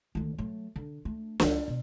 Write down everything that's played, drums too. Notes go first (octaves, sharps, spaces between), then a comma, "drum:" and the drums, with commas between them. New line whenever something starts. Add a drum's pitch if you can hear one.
D2 D#3
F#3 A3
D3
A3 D4
C#2 F3, drum: snare
B2